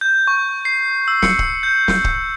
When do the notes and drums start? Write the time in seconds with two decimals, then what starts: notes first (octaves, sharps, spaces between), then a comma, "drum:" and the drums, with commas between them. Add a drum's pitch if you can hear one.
0.01 G6
0.27 C#6
0.65 C7
1.08 E6
1.22 C#7, drum: snare
1.39 drum: kick D1
1.63 G6
1.88 drum: snare
2.04 drum: kick D1